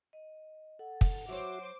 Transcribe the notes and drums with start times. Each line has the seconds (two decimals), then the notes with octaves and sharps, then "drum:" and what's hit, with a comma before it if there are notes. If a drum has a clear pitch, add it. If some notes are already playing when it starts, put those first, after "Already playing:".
0.13 D#5
0.79 A4 F#5
1.01 drum: kick
1.28 F#3 F#4 C5 C#5 E5 D6